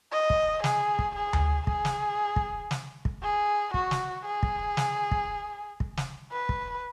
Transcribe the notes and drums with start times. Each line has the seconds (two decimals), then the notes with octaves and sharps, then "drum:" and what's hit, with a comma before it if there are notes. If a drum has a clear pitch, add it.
0.12 D#5
0.30 drum: kick
0.64 G#4, drum: snare
0.99 drum: kick
1.16 G#4
1.33 drum: tom D2
1.67 G#4, drum: kick
1.85 drum: snare
2.36 drum: kick
2.71 drum: snare
3.05 drum: kick
3.22 G#4
3.74 F#4, drum: kick
3.91 drum: snare
4.26 G#4
4.43 drum: kick
4.77 drum: snare
5.11 drum: kick
5.80 drum: kick
5.97 drum: snare
6.32 B4
6.49 drum: kick